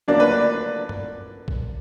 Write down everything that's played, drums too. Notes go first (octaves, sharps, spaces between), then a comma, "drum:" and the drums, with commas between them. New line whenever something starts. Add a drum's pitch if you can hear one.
D3 F#3 A#3 D4 D5
B4
D5
drum: tom G2
drum: kick A#1